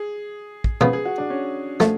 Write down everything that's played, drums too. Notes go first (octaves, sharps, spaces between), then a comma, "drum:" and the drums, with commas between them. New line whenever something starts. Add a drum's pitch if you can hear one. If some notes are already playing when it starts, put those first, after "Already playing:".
Already playing: G#4
drum: kick
C#3 F3 B3 G#4, drum: tom
G#4
F#4
D4
C#4
F3 A3, drum: snare